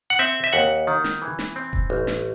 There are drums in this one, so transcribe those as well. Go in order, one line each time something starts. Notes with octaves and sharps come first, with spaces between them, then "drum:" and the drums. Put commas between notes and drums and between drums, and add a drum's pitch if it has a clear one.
F#5
C4 E5
E5
D#2 F#5
D#3
drum: snare
E3
drum: snare
C4
drum: kick E1
A1
drum: snare